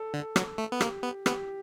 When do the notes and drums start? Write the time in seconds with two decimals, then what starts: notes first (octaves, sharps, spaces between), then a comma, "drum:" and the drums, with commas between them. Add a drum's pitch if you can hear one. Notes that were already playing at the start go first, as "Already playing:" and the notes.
Already playing: A4
0.14 D3
0.36 F#3, drum: rim click
0.58 A3
0.72 B3
0.81 A#3 G4, drum: rim click
1.03 B3
1.26 B3 G4, drum: rim click